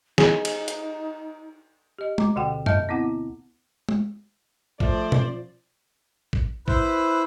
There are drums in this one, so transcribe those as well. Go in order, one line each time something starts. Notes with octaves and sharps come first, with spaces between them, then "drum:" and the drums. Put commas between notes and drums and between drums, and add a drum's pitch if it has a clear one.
D#4 G#4, drum: snare
drum: cymbal
drum: hi-hat
G4 D#5
A#5 D6, drum: tom
D2 B2 D3 F#4 F#5 G5
D#5 E5 A5 F6 G6, drum: tom F#2
B3 C4 E4 F#5
drum: tom
F3 A3 C5 D5, drum: kick
drum: tom B2
drum: kick
E4 B4 C5, drum: kick